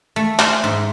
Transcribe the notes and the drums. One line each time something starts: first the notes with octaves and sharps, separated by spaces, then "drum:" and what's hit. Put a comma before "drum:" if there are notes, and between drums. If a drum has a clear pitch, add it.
A3
C5, drum: clap
G#2